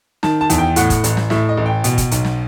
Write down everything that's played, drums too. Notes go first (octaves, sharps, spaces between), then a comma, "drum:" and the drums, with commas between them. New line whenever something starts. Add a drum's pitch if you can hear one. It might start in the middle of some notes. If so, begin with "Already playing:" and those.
D#3 A5, drum: snare
A5
E2, drum: hi-hat
G5
A2 F#5, drum: hi-hat
drum: kick, hi-hat
A1, drum: hi-hat
drum: snare
A2 E5, drum: snare
D#5
A1
G5
B2, drum: hi-hat
drum: kick, hi-hat
B1, drum: hi-hat
drum: snare